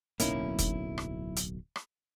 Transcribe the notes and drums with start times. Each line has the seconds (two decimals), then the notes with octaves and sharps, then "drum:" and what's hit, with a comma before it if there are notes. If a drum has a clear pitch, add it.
0.20 D1 B1 A#3 C#4 D#4 E4, drum: hi-hat
0.59 drum: kick, hi-hat
0.98 drum: rim click
1.37 drum: hi-hat
1.76 drum: rim click